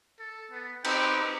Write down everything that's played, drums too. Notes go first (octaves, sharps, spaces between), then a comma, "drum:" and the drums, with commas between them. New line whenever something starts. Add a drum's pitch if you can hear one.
A4
B3
C4 D#4 B4 G5, drum: cymbal